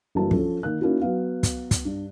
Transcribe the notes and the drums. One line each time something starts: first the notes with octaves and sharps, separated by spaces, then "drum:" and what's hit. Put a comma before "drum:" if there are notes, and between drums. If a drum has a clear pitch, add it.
G1 E3 A#3 E4 F#4 A5
F3 C#4 A4, drum: kick
D#3 A#3 F#6
A#3 C#4 D#4 E4 F#4
F#3 B3 F5
drum: kick, hi-hat
drum: kick, hi-hat
G2